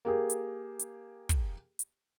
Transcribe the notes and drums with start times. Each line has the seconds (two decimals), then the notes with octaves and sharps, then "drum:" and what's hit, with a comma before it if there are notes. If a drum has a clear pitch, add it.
0.05 A#3 G4 G#4
0.30 drum: hi-hat
0.80 drum: hi-hat
1.29 drum: kick, hi-hat
1.79 drum: hi-hat